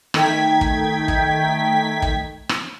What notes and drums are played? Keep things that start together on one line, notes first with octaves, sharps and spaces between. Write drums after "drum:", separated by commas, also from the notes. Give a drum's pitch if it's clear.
D#3 A3 D#4 G5 G#6 B6, drum: rim click
drum: kick
drum: kick
drum: kick
drum: rim click